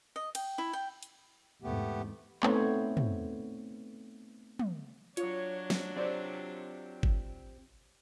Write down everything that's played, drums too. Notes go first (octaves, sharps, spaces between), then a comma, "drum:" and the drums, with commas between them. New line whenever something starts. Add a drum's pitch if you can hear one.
D#5
G5, drum: cymbal
E4
G5
drum: hi-hat
E2 G#2 C3 A3 B3 G4
A3 B3 C4 D#4 C5 C#5, drum: clap
drum: tom
drum: tom
F#3 D4 F4 C#5, drum: hi-hat
drum: snare
C4 G4 C5 D5
drum: kick G1